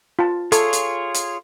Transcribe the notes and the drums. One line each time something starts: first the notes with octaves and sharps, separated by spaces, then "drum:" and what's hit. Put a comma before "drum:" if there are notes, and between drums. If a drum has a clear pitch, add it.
F4 A5
F4 G#4 A4 C#5, drum: hi-hat
drum: hi-hat
drum: hi-hat